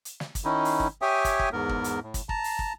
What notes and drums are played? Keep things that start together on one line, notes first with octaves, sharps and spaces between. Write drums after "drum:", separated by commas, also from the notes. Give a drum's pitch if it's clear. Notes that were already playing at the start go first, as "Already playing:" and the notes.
drum: hi-hat
drum: snare
drum: kick, hi-hat
D#3 C#4 D#4 E4
drum: open hi-hat
drum: kick
G4 C#5 E5 G5 G#5 D#6
drum: kick, hi-hat
drum: kick
E2 G#2 B3 A#4
drum: kick
drum: hi-hat
A2
drum: kick, hi-hat
A5 A#5, drum: kick
drum: open hi-hat
drum: kick